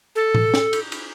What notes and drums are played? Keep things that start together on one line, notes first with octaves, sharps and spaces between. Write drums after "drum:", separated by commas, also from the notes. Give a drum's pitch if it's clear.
A4
drum: tom A2
drum: snare
drum: cymbal
drum: cymbal